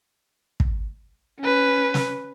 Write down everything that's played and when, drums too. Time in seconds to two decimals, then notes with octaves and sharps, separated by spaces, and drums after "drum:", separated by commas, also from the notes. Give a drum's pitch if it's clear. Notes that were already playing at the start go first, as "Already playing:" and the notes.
0.60 drum: kick
1.40 C#4 B4
1.94 drum: snare